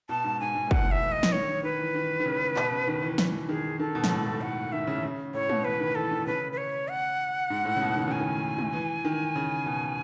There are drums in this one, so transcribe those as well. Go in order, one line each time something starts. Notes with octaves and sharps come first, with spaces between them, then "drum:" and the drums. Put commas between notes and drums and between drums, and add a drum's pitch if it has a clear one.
B2 A5
G#2
G#2 G#5
G#2
A2
B2 F#5, drum: kick
E5
E3
D#5
E3, drum: snare
D#3 C#5
D#3
D#3 B4
E3
D#3
D#3
C#3
B2, drum: clap
C#3
D#3
E3
E3, drum: snare
D#3 G#4
D#3 A4
B2
G#2, drum: snare
A2
A2
F#5
D#3 E5
C#3
C#3
A2 C#5
B2, drum: tom G#3
E3 B4
D#3
E3 A4
D#3
B2
C#3 B4
B4
C#5
F#5
G#2
A2
C#3
B2
D#3
C#3 G#5
D#3
drum: tom G#3
E3
D#3
C#3
B2